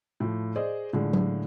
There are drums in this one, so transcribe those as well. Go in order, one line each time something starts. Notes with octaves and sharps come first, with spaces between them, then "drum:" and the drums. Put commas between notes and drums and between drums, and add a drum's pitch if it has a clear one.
A2 F3
G#4 C5 D5 D#5
A2 D3 F3 G#3
drum: tom F#3